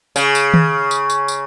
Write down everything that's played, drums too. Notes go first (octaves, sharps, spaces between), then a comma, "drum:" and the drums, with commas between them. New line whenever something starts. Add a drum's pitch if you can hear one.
C#3, drum: tambourine
drum: tambourine
drum: tom D#3
drum: tambourine
drum: tambourine
drum: tambourine